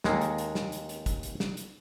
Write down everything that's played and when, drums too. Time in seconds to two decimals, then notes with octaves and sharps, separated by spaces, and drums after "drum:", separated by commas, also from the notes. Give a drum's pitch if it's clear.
0.04 D#2 G#3 A#3 A4, drum: snare
0.21 drum: hi-hat
0.38 drum: hi-hat
0.55 drum: snare
0.72 drum: hi-hat
0.89 drum: hi-hat
1.06 drum: kick, hi-hat
1.23 drum: hi-hat
1.40 drum: snare
1.57 drum: hi-hat